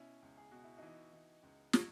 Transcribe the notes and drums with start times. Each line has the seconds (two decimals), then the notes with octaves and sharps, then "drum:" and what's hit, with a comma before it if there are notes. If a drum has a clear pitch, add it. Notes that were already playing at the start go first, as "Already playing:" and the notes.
Already playing: B2 C#4 E4
0.23 C#2
0.37 G#4
0.52 B2 F#4
0.64 E4
0.78 E3 D#4 F#4
1.13 E3
1.43 C#2
1.73 B2, drum: snare